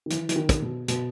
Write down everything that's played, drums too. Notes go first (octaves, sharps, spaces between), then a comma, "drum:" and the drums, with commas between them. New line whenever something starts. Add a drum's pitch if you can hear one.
D#3
E3, drum: hi-hat
E3, drum: hi-hat
D#3
drum: kick, hi-hat
B2
B2, drum: hi-hat